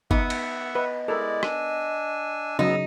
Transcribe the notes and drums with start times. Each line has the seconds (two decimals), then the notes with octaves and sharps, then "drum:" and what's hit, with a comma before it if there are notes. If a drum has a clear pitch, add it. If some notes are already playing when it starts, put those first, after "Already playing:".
0.11 B3 D#4 E5 F#5, drum: kick
0.30 drum: cymbal
0.75 B4 D#5
1.08 G#3 E4 A4 A#4 D5
1.43 D4 G#5 E6, drum: rim click
2.59 C#3 F#3 B3 D#4 A#5 E6